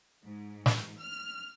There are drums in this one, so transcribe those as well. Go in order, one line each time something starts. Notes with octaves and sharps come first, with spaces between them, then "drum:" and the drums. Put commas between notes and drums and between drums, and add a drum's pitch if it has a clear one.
G#2
drum: snare
F6